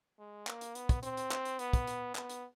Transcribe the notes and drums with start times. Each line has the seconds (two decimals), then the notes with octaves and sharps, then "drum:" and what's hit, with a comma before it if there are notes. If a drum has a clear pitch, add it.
0.19 G#3
0.47 A#3, drum: clap
0.61 drum: hi-hat
0.75 B3, drum: hi-hat
0.89 drum: kick, hi-hat
1.03 C4, drum: hi-hat
1.17 drum: hi-hat
1.31 drum: clap
1.45 drum: hi-hat
1.59 B3, drum: hi-hat
1.73 drum: kick, hi-hat
1.87 drum: hi-hat
2.15 B3, drum: clap
2.30 drum: hi-hat